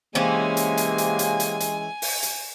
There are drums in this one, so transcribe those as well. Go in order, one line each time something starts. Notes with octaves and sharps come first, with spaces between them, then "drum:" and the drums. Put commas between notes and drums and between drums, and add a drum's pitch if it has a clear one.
C3 E3 G#3 A#3 C#4 G#5
drum: hi-hat
drum: hi-hat
drum: hi-hat
drum: hi-hat
drum: hi-hat
drum: hi-hat
drum: open hi-hat
drum: hi-hat